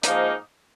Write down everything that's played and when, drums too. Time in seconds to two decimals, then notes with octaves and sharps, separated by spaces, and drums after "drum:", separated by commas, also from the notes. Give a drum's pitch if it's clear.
0.03 G#2 F3 A#3 D#4, drum: hi-hat